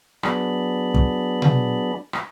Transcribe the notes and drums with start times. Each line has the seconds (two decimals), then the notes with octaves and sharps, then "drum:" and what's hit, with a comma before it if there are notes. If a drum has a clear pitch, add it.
0.23 F#3 B3 D4 G#4 D5 B5, drum: rim click
0.94 drum: kick
1.42 drum: tom B2
2.13 drum: rim click